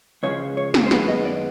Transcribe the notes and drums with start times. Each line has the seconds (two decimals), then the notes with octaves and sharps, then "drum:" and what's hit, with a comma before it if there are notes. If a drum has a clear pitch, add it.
0.23 C#2 C#3 F3 G#3 C#5
0.57 C#5
0.74 drum: snare
0.86 C5
0.91 F#2 D#3 G#3 B3 B4, drum: snare
1.08 D#5
1.25 D5